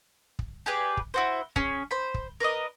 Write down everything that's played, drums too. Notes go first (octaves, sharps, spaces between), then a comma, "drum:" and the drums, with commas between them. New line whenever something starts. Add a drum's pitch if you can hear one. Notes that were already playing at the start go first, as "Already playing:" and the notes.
drum: kick
G4 G#4 B4 D5
drum: kick
E4 F#4 C5
C#4 G#4, drum: kick
C5 B5
drum: kick
A#4 B4 D5 D#5